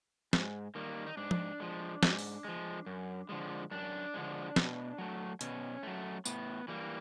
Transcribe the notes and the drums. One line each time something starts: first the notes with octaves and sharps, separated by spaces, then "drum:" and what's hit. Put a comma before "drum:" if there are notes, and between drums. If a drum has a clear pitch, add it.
G#2, drum: snare
D#3 G3 A#3
D#4
G#2 D4
drum: tom F3
F3 G#3
G#2, drum: snare
drum: open hi-hat
F3 G#3
F#2
D3 F3 G#3
F#2 D4
D3 F3 G#3
B2, drum: snare
F#3 A3
B2 C#4, drum: hi-hat
F#3 A3
A2 B3, drum: tambourine
E3 G3 A#3